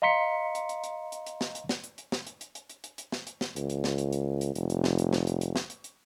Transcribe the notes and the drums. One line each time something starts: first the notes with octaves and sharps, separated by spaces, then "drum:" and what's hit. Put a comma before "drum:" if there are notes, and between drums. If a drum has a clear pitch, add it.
D#5 F5 A#5 C6 B6 C#7
drum: hi-hat
drum: hi-hat
drum: hi-hat
drum: hi-hat
drum: hi-hat
drum: snare
drum: hi-hat
drum: snare
drum: hi-hat
drum: hi-hat
drum: snare
drum: hi-hat
drum: hi-hat
drum: hi-hat
drum: hi-hat
drum: hi-hat
drum: hi-hat
drum: snare
drum: hi-hat
drum: snare
C#2, drum: hi-hat
drum: hi-hat
drum: snare
drum: hi-hat
drum: hi-hat
drum: hi-hat
F1, drum: hi-hat
drum: hi-hat
drum: snare
drum: hi-hat
drum: snare
drum: hi-hat
drum: hi-hat
drum: snare
drum: hi-hat
drum: hi-hat